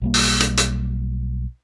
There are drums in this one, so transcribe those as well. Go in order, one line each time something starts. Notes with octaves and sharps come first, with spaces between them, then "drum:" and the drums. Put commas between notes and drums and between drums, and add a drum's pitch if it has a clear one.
B1 G3 A#3
drum: open hi-hat
drum: hi-hat
drum: hi-hat